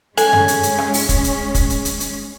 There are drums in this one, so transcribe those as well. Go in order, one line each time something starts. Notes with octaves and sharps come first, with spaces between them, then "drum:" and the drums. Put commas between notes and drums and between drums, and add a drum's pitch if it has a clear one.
G#3 C#4 A4 G#5, drum: hi-hat
drum: tom F#2
drum: hi-hat
drum: hi-hat
drum: rim click
drum: open hi-hat
drum: kick, hi-hat
drum: hi-hat
drum: kick, hi-hat
drum: hi-hat
drum: hi-hat
drum: hi-hat